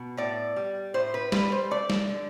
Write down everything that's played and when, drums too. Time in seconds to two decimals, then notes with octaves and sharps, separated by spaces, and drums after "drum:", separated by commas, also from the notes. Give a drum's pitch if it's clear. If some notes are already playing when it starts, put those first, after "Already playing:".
Already playing: B2
0.17 A2 D5
0.56 G3
0.94 A2 C5
1.14 B4
1.32 G3 B4, drum: snare
1.52 C5
1.71 A3 D5
1.90 drum: snare
2.09 D3